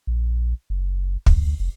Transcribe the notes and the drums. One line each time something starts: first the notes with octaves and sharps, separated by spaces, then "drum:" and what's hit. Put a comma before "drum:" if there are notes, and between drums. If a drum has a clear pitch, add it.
A#1
F#1
D2, drum: kick
F1